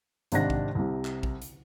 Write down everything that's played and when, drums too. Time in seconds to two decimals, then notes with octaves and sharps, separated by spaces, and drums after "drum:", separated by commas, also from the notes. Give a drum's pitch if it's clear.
0.32 G#1 C3 D#3 D4 F#5 A#6, drum: hi-hat
0.50 drum: kick A#1
0.75 C2 C3
1.05 drum: clap
1.23 drum: kick A#1
1.42 drum: hi-hat